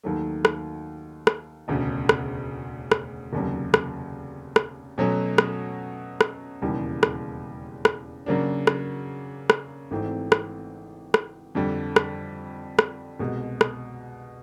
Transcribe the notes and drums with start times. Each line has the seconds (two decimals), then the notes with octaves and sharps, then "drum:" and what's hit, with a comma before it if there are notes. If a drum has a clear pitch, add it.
0.03 D#2 D#3 F#3 A3
0.45 drum: rim click
1.27 drum: rim click
1.68 E1 D2 C#3
2.09 drum: rim click
2.92 drum: rim click
3.33 F1 D#2 C#3 F#3
3.74 drum: rim click
4.56 drum: rim click
4.98 B2 F#3 A3 C#4
5.38 drum: rim click
6.21 drum: rim click
6.62 E1 D#2 C#3 E3 G3
7.03 drum: rim click
7.85 drum: rim click
8.26 C#3 F#3 A#3 D4
8.67 drum: rim click
9.50 drum: rim click
9.91 G#1 G#2 E3 A3 C4
10.32 drum: rim click
11.14 drum: rim click
11.55 F2 D3 G3
11.96 drum: rim click
12.79 drum: rim click
13.19 C2 B2 G#3
13.61 drum: rim click